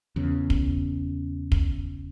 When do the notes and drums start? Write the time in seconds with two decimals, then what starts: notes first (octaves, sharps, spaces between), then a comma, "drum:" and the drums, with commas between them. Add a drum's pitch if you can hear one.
0.16 E2 C#3
0.50 drum: kick
1.52 drum: kick